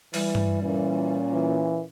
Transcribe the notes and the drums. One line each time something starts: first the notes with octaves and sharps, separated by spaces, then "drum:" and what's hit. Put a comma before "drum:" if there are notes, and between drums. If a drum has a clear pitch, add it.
E3 G3, drum: open hi-hat
drum: tom G2
A#2 E3 C#4
E3